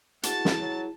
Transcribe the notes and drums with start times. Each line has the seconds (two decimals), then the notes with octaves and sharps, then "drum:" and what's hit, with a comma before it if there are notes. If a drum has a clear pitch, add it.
0.23 E4 F#4 G#4 B4 A5 A6, drum: hi-hat
0.45 drum: snare
0.59 F#3